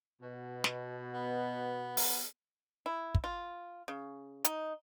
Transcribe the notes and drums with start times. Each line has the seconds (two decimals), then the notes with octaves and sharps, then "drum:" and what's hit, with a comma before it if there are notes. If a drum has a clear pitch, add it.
0.21 B2
0.64 drum: snare
1.13 B3
1.97 drum: open hi-hat
2.86 E4
3.15 drum: kick
3.24 F4
3.88 C#3
4.45 D#4, drum: hi-hat